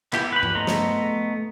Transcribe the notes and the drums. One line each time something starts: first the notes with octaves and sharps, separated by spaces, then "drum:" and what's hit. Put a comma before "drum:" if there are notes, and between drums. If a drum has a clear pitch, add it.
B3 E4 G4, drum: clap
B4 B5
drum: tom G2
A3 B3 D#5 A#5 C6
drum: snare